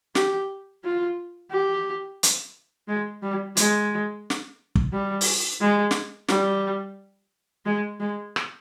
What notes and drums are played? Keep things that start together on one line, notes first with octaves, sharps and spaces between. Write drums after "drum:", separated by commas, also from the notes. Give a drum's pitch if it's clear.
G4, drum: snare
F4
G4
drum: hi-hat
G#3
G3
G#3, drum: hi-hat
drum: snare
drum: kick
G3
drum: open hi-hat
G#3
drum: snare
G3, drum: snare
G#3
G#3
drum: rim click